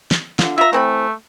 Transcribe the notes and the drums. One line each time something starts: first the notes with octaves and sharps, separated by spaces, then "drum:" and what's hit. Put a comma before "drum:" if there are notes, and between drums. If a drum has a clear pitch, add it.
drum: snare
D3 F4, drum: snare
F4 E5 A#5
E3 A3 C4 B5